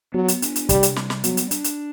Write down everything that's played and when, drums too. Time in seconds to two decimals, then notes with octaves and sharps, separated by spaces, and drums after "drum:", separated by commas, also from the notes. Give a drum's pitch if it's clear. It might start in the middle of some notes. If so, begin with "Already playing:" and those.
0.14 F#3 B3
0.28 drum: hi-hat
0.42 D4, drum: hi-hat
0.56 drum: hi-hat
0.69 C3 G3, drum: kick, hi-hat
0.83 drum: hi-hat
0.96 G3, drum: snare
1.10 drum: snare
1.24 F#3 B3, drum: hi-hat
1.37 drum: hi-hat
1.51 D4, drum: hi-hat
1.64 drum: hi-hat